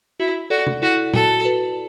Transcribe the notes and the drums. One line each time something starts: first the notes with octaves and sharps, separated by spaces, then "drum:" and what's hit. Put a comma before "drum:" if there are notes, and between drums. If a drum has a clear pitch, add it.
E4 F#4
F#4 A4 D5
drum: tom
E4 F#4 A4
F#4 A4, drum: tom A#2
F#4 B4